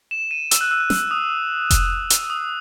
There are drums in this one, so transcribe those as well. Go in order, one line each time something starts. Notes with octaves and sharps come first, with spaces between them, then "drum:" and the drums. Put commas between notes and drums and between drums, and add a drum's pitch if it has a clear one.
E7
D#7
E6, drum: hi-hat
F#6
E6
F#6
E6, drum: snare
D#6
drum: kick F1, hi-hat
drum: hi-hat
D#6